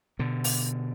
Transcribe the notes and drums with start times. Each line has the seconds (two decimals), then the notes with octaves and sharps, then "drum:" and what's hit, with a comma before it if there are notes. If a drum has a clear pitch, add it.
0.19 B2 D3
0.44 drum: open hi-hat